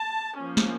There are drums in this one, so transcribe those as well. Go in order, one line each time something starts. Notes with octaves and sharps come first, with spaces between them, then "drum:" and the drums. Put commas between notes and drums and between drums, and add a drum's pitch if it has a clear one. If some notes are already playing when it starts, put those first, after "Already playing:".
Already playing: A5
F3 A#3 C#4
drum: snare